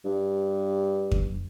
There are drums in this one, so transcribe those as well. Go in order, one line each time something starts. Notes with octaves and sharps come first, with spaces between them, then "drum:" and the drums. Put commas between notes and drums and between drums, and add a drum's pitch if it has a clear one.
G2
drum: kick F2